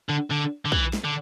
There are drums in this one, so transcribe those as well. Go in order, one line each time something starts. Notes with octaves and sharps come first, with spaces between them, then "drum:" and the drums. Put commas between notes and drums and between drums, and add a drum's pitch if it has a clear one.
D3
D3
D3
E3, drum: kick
drum: snare
D3